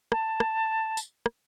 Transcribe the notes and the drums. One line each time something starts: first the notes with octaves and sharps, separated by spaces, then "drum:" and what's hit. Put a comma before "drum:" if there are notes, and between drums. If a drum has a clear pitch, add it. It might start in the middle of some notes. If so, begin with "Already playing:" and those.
A5, drum: rim click
drum: rim click
drum: tambourine
drum: rim click